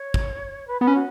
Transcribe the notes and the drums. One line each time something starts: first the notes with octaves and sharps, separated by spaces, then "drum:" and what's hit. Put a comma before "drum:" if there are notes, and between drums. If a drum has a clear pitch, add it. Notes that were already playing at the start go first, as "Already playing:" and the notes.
Already playing: C#5
drum: kick
B4
B3 B4
C#4
F#4